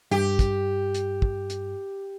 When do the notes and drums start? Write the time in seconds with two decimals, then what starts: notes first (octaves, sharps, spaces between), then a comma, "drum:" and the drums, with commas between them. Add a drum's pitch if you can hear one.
0.11 G2 G4
0.39 drum: kick, hi-hat
0.94 drum: hi-hat
1.22 drum: kick
1.50 drum: hi-hat